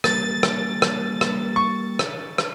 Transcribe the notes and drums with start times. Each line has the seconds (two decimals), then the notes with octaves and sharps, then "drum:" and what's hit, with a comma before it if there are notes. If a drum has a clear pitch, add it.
0.04 G3 A#3 A6, drum: rim click
0.43 drum: rim click
0.82 drum: rim click
1.21 drum: rim click
1.56 C#6
1.99 drum: rim click
2.38 drum: rim click